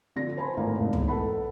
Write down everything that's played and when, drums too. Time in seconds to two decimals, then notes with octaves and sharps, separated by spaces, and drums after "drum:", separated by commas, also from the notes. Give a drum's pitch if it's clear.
0.16 D3 F3 A#6
0.37 B4 C5 G#5 A5 B5 C6
0.57 G#1 A2 A#3 F5 A#5
0.78 F1 E2 G#2
0.93 drum: tom
1.07 A4 B4 F#5 A5 B5